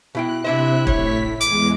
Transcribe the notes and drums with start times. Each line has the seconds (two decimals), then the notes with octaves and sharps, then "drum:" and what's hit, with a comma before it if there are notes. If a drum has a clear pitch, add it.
0.15 B2 E4 G5 F#6
0.44 C3 D4 E4 C5 E5 F#6
0.87 A2 C#5 B6, drum: kick
1.41 E2 G#3 D6, drum: hi-hat